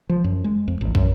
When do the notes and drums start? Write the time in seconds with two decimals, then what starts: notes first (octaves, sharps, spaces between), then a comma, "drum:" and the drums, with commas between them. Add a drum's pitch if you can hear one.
0.09 F3
0.24 F#2
0.44 G#3
0.68 F2
0.81 A1
0.95 F#2, drum: kick